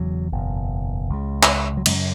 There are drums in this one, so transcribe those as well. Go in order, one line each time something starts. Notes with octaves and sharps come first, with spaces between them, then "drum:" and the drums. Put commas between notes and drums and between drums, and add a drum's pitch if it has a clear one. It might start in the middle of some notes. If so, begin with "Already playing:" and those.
Already playing: E1 E2 C#3 F#3
F#1 E2 B2
C#2 C#3
drum: clap
F#3
F#2 C#3 G#3, drum: cymbal